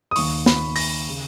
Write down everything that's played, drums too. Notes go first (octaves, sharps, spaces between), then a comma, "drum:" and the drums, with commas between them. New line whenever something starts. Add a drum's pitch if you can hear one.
D#6
D#2 D#3 C#6, drum: open hi-hat
B5, drum: snare
A#6, drum: open hi-hat
C#3